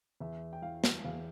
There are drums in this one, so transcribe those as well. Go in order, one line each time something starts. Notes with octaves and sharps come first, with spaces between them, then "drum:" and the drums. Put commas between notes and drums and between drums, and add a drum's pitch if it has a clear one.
E2 E5
G5
E3 F5
drum: snare
E2 F5